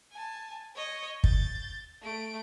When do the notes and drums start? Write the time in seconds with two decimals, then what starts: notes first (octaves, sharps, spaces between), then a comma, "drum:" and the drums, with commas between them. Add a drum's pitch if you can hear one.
0.12 G#5 A5
0.76 C#5 D#5
1.24 G6 A6, drum: kick
2.02 A3 D7